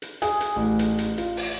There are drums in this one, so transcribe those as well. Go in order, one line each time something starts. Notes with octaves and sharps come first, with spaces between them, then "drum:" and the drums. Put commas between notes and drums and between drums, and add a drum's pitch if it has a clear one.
drum: hi-hat
G#4, drum: hi-hat
drum: hi-hat
A1
drum: hi-hat
drum: hi-hat
F4, drum: hi-hat
drum: open hi-hat